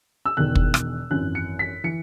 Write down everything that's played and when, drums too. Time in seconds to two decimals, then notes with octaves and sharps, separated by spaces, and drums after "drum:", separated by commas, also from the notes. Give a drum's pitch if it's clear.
0.26 E6
0.37 E1 E2 D#3 F#6
0.55 drum: kick
0.74 drum: rim click
1.10 G#1 F#2 E3 F#6
1.35 C#7
1.59 B6
1.84 E3 C#7